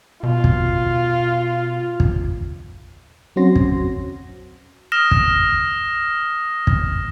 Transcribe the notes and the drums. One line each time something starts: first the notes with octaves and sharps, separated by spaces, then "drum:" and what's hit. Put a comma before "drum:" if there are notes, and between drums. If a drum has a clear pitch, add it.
B2 F4
drum: kick
drum: kick
F#3 C4 C#4 F#4 C6 A#6
drum: kick
D#6 F6 A#6 E7
drum: kick
drum: kick